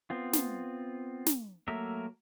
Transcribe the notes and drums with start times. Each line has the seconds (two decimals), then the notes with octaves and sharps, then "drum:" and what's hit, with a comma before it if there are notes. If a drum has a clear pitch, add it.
0.10 B3 C4 F4
0.33 drum: snare
1.26 drum: snare
1.68 F#3 A3 A#3 A#4 E5